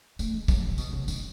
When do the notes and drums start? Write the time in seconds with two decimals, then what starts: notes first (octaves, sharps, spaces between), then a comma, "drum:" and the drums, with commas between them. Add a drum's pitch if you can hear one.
0.19 A3, drum: tambourine
0.34 G#3
0.48 F#3, drum: kick, tambourine
0.64 C#3
0.78 B2, drum: tambourine
0.93 C#3
1.08 D#3, drum: tambourine